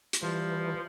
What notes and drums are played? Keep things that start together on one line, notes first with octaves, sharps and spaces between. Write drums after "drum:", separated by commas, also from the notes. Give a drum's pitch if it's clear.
drum: hi-hat
E3 F3 G3